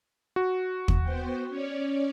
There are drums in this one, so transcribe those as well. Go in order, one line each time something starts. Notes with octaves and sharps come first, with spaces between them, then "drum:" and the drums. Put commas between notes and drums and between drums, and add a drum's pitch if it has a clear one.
F#4
drum: kick
B3 C5 G5
C#4 C#5 D5